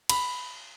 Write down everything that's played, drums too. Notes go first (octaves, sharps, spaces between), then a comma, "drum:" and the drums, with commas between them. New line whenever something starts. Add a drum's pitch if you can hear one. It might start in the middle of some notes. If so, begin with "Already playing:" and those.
B5, drum: cymbal